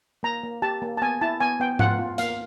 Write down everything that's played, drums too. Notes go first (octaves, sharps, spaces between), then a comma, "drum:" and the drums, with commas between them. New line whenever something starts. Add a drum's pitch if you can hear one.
A#3 A#5
A#3
G4 A5
A#3
A5
B3 G#5
E4 A5
B3 G#5
B3 G5
F4 F#5, drum: tom G#2
F4
A#3 F5, drum: hi-hat